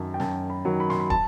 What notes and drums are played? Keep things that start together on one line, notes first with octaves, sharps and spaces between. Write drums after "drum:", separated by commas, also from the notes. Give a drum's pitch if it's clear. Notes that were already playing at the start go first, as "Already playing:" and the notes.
Already playing: F#2 D#3 F#3 A5
G5
F#2 A5, drum: snare
B5
D#3 F#3
B5
C6, drum: snare
B5
A5, drum: kick